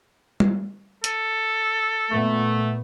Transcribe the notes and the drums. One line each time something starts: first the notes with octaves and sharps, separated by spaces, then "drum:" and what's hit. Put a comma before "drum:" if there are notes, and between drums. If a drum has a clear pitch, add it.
drum: tom G3
A4, drum: hi-hat
A#2 A3 B3